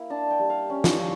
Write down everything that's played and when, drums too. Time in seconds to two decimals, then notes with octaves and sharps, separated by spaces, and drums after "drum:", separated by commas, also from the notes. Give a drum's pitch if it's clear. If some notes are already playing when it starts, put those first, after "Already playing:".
Already playing: A#3 E4
0.10 D4 A5
0.31 G5
0.39 G3
0.50 F5
0.70 C#4
0.84 drum: snare
0.99 F3